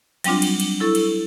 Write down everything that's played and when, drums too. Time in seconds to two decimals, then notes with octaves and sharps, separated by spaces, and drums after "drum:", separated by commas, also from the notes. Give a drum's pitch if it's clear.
0.24 F#3 G3 C4 D4 F4, drum: cymbal
0.42 drum: cymbal
0.60 drum: cymbal
0.80 E4 A4 C#6 E6
0.95 drum: cymbal